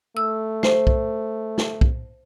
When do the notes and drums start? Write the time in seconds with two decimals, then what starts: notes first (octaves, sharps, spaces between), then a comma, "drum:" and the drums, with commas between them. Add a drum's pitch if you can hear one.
0.17 A3 E6
0.63 C5, drum: snare
0.87 drum: kick
1.58 drum: snare
1.81 drum: kick